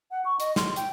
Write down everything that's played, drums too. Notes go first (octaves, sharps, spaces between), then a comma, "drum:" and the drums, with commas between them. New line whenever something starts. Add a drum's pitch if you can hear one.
F#5
C#6
D#5, drum: hi-hat
C6, drum: snare
G5, drum: hi-hat